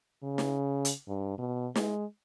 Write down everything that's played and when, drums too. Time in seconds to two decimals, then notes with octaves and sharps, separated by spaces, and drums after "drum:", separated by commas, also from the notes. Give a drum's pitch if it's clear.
0.23 C#3
0.38 drum: snare
0.85 drum: hi-hat
1.08 G2
1.38 B2
1.76 G#3, drum: snare